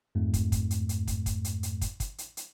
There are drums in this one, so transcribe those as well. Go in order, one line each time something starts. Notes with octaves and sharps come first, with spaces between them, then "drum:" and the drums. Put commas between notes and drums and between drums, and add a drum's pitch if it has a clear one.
F2 G#2 A3
drum: kick, hi-hat
drum: kick, hi-hat
drum: hi-hat
drum: hi-hat
drum: kick, hi-hat
drum: kick, hi-hat
drum: hi-hat
drum: hi-hat
drum: kick, hi-hat
drum: kick, hi-hat
drum: hi-hat
drum: hi-hat